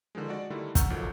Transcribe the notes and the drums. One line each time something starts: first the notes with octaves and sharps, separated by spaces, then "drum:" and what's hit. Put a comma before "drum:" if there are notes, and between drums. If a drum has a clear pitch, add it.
D3 D#3 F3 G#3
G#3 F#4 D5
D3 D#3 G3 A3 E4
F#5 A#5 C#6 E6 F6 G6, drum: kick, hi-hat
G1 D#3 F3 F#3 A4